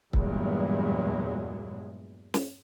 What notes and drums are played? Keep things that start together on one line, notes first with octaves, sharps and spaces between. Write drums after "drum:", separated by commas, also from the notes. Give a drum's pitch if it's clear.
E2 G2 A#2 F#3 G#3, drum: kick
drum: snare